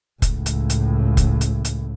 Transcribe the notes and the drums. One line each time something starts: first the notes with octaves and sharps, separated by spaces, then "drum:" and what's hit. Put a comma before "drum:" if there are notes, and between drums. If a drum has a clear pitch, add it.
C#2 A2, drum: kick F1, hi-hat
drum: hi-hat
drum: hi-hat
drum: kick F1, hi-hat
drum: hi-hat
drum: hi-hat